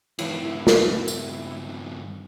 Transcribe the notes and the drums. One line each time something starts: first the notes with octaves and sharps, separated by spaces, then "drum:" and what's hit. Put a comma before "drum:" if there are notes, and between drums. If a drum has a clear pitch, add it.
G2 D#3 E3, drum: cymbal
E4
drum: snare
drum: tambourine